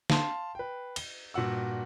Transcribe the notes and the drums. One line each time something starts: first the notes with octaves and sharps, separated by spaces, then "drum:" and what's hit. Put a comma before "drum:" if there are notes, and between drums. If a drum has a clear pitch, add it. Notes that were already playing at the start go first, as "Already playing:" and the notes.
F5 A5 C6, drum: snare
B4 G5
G7, drum: cymbal
G2 A#2 F#4 F#5 E6